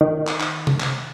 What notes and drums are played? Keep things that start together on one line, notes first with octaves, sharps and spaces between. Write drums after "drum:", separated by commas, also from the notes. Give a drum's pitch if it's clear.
D#3
drum: clap
drum: clap
drum: tom C3
drum: clap